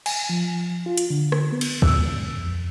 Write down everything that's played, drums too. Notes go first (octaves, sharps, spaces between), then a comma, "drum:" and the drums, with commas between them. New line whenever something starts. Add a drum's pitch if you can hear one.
G#5, drum: cymbal
F3
F4
drum: hi-hat
D3
drum: rim click
B3
drum: cymbal
E6, drum: kick
F2